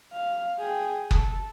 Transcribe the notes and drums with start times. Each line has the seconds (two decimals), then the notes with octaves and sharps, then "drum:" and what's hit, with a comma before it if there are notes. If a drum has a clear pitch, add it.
0.13 F5
0.59 G#4 G5
1.11 A4, drum: kick F#1